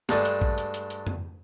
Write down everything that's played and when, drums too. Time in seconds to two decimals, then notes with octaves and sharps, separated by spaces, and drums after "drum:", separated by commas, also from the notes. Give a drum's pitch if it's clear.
0.09 G2 G#3 A3 D4, drum: snare
0.25 drum: hi-hat
0.41 drum: kick A#1
0.58 drum: hi-hat
0.74 drum: hi-hat
0.90 drum: hi-hat
1.07 drum: tom F2